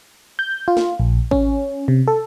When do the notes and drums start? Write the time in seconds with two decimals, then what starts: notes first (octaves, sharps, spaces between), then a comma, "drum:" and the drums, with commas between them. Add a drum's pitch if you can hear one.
0.39 G6
0.68 F4
0.77 drum: snare
1.00 A#1
1.31 C#4, drum: kick G#1
1.88 C3
2.08 A4